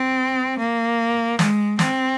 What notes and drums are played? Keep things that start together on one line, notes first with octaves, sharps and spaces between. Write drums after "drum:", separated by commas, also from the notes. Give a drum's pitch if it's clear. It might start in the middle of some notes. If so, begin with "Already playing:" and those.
Already playing: C4
A#3
G#3, drum: snare
C4, drum: snare